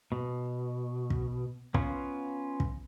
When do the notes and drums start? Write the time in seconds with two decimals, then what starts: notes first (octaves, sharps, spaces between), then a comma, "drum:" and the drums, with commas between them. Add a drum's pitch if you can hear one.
0.12 B2
1.10 drum: kick
1.74 B3 C#4 F4, drum: kick
2.60 drum: kick